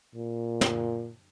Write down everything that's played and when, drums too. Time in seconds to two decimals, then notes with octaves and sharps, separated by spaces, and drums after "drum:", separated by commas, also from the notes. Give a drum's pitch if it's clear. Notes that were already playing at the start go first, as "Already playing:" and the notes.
0.15 A#2
0.61 drum: snare